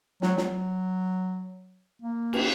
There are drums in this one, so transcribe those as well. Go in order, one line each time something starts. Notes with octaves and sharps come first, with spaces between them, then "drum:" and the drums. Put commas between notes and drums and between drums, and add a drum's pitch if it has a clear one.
F#3, drum: snare
F#3, drum: snare
A#3
drum: cymbal